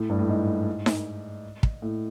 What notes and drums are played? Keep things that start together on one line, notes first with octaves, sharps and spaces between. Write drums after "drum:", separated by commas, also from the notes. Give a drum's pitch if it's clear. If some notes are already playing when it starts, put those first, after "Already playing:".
Already playing: A2
G2
A2
G#2
drum: snare D#4
drum: kick
A2